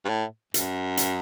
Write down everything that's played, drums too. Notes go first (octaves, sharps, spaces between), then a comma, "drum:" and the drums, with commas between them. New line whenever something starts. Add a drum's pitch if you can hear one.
G2
A2
F#2, drum: hi-hat
drum: hi-hat